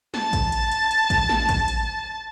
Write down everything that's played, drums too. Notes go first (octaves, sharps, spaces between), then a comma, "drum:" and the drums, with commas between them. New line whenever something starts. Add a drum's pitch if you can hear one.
A5 A6, drum: snare
drum: kick A1, hi-hat
drum: hi-hat
drum: hi-hat
drum: hi-hat
drum: kick A1, hi-hat
drum: snare
drum: kick A1, hi-hat
drum: hi-hat